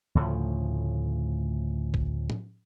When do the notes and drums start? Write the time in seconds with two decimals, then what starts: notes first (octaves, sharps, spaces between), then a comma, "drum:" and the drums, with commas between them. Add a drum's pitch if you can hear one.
0.15 D2 A2 C#3 F3
1.94 drum: kick A#1
2.30 drum: tom A2